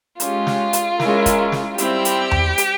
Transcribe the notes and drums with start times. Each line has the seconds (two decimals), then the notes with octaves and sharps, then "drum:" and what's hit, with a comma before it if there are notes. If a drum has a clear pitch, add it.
0.20 G#3 C#4 F4 G4, drum: hi-hat
0.47 drum: snare
0.73 drum: hi-hat
1.00 G#3 C#4 E4 A#4, drum: snare
1.26 drum: kick, hi-hat
1.52 drum: snare
1.78 G3 C4 E4 G4, drum: hi-hat
2.05 drum: hi-hat
2.31 drum: tom E2
2.58 drum: hi-hat